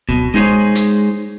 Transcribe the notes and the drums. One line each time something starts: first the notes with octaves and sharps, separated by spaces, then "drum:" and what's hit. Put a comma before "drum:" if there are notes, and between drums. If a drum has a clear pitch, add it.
B1 B2, drum: kick C#2
G#3 D#4 G#4 C5 C#5
drum: hi-hat